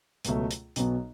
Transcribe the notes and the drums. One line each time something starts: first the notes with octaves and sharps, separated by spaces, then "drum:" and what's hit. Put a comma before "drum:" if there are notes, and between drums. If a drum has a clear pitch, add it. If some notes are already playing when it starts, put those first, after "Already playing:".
C#2 B2 F#3 A3, drum: hi-hat
drum: hi-hat
B1 B2 F#3 B3, drum: hi-hat